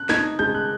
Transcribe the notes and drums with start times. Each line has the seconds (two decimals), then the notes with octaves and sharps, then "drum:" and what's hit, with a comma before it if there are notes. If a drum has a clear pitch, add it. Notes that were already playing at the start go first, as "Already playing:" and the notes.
Already playing: F#6
0.09 D#4 G#6, drum: snare
0.39 G#3 G6
0.54 F#6